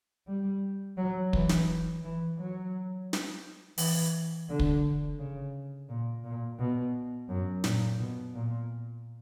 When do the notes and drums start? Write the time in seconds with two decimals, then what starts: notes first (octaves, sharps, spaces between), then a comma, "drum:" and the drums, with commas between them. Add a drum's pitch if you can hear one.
0.28 G3
0.97 F#3
1.33 E3, drum: kick
1.49 drum: snare
2.03 E3
2.38 F#3
3.13 drum: snare
3.78 E3, drum: open hi-hat
4.49 D3
4.59 drum: kick
5.19 C#3
5.89 A#2
6.24 A#2
6.59 B2
7.29 F#2
7.64 A#2, drum: snare
7.99 B2
8.34 A#2